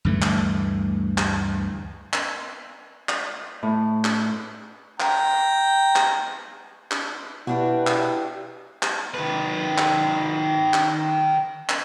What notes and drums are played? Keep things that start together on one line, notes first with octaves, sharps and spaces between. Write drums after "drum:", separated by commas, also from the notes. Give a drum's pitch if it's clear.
D2 G2 E3 A3
drum: clap
drum: clap
drum: clap
drum: clap
A2
drum: clap
G5 A#5, drum: clap
drum: clap
drum: clap
B2 G3 D4 E4 F#4 B4
drum: clap
drum: clap
D#3 B4
drum: clap
drum: clap
drum: clap